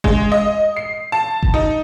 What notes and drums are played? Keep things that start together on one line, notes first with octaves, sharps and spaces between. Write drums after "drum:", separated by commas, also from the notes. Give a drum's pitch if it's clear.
G#3, drum: kick G1
D#5
C7
A5
drum: kick G1
D#4